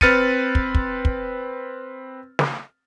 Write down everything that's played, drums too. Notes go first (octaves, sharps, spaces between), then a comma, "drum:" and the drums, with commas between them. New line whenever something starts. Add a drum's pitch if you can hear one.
C4 B4 F6 A6 C#7 D#7, drum: kick
drum: kick
drum: kick
drum: kick
drum: snare